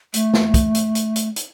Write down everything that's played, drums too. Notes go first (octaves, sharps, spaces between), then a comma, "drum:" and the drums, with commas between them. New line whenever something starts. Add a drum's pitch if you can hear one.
A3, drum: hi-hat
drum: snare
drum: kick, hi-hat
drum: hi-hat
drum: hi-hat
drum: hi-hat
drum: hi-hat